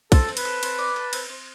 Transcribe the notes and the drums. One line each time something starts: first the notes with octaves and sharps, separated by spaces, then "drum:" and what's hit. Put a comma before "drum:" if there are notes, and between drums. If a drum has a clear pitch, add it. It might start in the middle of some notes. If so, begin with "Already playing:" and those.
C4 A4, drum: kick, cymbal
C4
B4, drum: cymbal
A4
C4, drum: cymbal
D5
A4
C4, drum: cymbal
C4